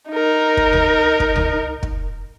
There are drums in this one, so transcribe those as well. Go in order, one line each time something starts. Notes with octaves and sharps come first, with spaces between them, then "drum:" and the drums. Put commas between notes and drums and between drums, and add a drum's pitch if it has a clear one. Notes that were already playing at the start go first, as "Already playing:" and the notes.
D#4 A#4
drum: kick
drum: tom C#2
drum: kick
drum: tom C#2
drum: kick